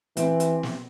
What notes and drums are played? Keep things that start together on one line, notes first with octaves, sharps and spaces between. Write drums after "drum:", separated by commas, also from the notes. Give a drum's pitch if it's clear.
E3 C4 G4 E5, drum: hi-hat
drum: hi-hat
drum: snare